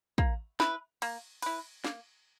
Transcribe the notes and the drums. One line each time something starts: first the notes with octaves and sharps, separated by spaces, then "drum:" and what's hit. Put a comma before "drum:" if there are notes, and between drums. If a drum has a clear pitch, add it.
A#3, drum: kick
E4 B4, drum: snare
A#3, drum: cymbal
E4 B4, drum: cymbal
A#3, drum: snare